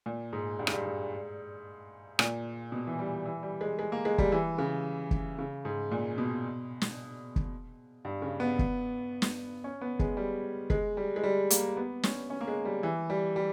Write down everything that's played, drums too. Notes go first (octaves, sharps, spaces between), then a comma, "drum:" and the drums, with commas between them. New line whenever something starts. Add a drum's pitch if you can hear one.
A#2
G#2
G2
G#2, drum: rim click
G2
G#2
A#2, drum: rim click
B2
E3
G3
E3
G3
G#3
G#3
A#3
G#3
G3, drum: kick
E3
C#3
drum: kick
C#3
G#2
A#2
B2
drum: snare
drum: kick
G2
C#3
B3
drum: kick
drum: snare
C#4
B3
G#3, drum: kick
G3
G#3, drum: kick
G3
G#3
G3
A#3, drum: hi-hat
B3
C#4, drum: snare
C#4
A#3
G#3
G3
E3
G3
G3